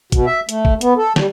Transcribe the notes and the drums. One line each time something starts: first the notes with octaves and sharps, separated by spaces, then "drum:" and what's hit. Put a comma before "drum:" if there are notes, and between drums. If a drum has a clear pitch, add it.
B2, drum: kick, hi-hat
E5
A3, drum: hi-hat
drum: kick
B3, drum: hi-hat
A4
G3, drum: snare